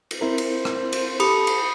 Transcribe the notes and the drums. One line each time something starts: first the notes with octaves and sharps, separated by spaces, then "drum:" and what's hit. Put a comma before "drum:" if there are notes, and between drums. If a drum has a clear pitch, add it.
drum: cymbal
C4 E4 A#4 C5
drum: cymbal
drum: rim click
drum: cymbal
G4 A4 B5 D#6 C#7, drum: cymbal
drum: cymbal